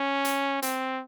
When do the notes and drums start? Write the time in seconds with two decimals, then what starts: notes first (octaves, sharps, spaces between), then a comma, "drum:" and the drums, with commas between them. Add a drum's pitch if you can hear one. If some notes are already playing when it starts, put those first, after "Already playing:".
Already playing: C#4
0.25 drum: hi-hat
0.62 C4, drum: hi-hat